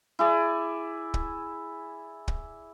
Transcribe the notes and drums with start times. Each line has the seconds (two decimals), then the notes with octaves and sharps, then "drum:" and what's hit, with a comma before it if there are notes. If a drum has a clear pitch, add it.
0.19 E4 G#4 D5
1.14 drum: kick
2.28 drum: kick